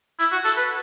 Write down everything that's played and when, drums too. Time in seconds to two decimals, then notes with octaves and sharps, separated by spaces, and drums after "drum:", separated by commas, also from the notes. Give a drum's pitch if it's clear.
0.19 E4, drum: hi-hat
0.32 F#4
0.45 A4, drum: hi-hat
0.57 B4